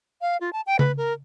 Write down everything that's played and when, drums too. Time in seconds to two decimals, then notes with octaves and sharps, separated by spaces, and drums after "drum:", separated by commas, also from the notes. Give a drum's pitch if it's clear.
0.21 F5
0.41 F4
0.53 A5
0.67 G5
0.79 B4, drum: tom C#3
0.97 A#4